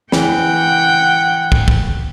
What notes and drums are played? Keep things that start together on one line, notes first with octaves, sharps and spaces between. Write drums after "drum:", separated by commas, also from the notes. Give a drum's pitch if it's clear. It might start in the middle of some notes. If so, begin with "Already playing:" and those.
E3 F#5 G5, drum: snare
drum: kick
drum: kick